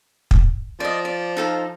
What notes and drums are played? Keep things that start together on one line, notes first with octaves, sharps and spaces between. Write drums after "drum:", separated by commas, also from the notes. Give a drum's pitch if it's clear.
drum: kick
F3 D5 D#5
D5
D#4 A4 F5